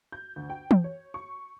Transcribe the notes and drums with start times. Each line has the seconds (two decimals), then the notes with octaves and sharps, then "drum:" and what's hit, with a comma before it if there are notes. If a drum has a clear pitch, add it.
0.12 G6
0.36 D2
0.50 G5
0.71 drum: tom E3
0.84 C#5
1.14 C#6